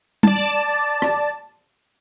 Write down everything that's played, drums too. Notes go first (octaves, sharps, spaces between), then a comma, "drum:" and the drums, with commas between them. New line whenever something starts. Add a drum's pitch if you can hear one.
D5 A5, drum: tom G3
drum: rim click